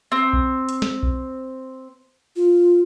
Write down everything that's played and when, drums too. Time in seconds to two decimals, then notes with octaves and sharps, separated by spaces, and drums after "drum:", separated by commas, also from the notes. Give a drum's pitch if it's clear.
0.12 C4
0.33 drum: kick A#1
0.69 drum: hi-hat
0.82 drum: snare
1.03 drum: kick A#1
2.36 F4